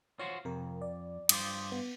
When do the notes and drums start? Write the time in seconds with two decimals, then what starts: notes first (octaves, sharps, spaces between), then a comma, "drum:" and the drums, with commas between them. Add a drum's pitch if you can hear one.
0.19 F4 F#4 C5 C#5
0.45 F2 C3 A#4
0.82 D5
1.29 G2 F4 C5 D6 D#6, drum: cymbal
1.72 B3